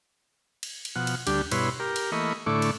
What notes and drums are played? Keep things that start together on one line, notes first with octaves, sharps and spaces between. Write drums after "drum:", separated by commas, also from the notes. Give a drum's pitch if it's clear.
drum: cymbal
drum: cymbal
B2 F3 F#5
drum: cymbal
D2 G3 D4 G4, drum: cymbal
G2 B2 E4 B4 C#5 C6, drum: cymbal
G4 A#4
drum: cymbal
E3 A3 A#3 D#5 B5 C#6
A2 D3 A3 E4 C#6 D6
drum: cymbal